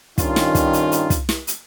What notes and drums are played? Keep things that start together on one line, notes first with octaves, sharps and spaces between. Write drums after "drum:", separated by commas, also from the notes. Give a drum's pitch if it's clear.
G2 D#3 C#4 D#4 F4, drum: kick, hi-hat
drum: snare
drum: kick, hi-hat
drum: hi-hat
drum: hi-hat
drum: kick, hi-hat
drum: snare
drum: hi-hat